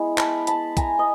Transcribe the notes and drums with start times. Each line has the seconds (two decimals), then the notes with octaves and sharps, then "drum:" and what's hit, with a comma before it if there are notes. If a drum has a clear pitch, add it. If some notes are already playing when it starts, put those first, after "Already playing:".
Already playing: G#3 B3 E4
0.18 A5 B5, drum: clap
0.47 A5 B5, drum: hi-hat
0.77 G#5 A#5, drum: kick, hi-hat
0.99 D#5